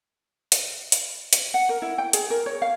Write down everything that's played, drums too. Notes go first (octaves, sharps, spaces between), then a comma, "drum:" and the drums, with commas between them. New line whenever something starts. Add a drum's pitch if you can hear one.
drum: hi-hat
drum: hi-hat
drum: hi-hat
F#5
A#4
E4
G5
G#4, drum: hi-hat
A#4
C#5
F5